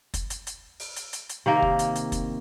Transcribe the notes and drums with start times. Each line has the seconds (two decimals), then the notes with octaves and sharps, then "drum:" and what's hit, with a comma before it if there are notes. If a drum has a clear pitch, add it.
0.14 drum: kick, hi-hat
0.30 drum: hi-hat
0.47 drum: hi-hat
0.80 drum: open hi-hat
0.96 drum: hi-hat
1.13 drum: hi-hat
1.29 drum: hi-hat
1.46 C3 D#3 A#3 A#4
1.62 drum: kick
1.79 drum: hi-hat
1.95 drum: hi-hat
2.12 drum: kick, hi-hat